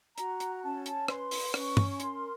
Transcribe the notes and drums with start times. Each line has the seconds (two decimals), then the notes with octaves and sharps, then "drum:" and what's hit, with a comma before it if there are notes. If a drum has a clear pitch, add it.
0.18 F#4 A#5, drum: hi-hat
0.40 drum: hi-hat
0.63 C#4 A5
0.86 drum: hi-hat
1.08 B4 C6, drum: rim click
1.31 drum: open hi-hat
1.54 C#4 C#6, drum: rim click
1.77 drum: tom
1.92 C#6
2.00 A#4 C6, drum: hi-hat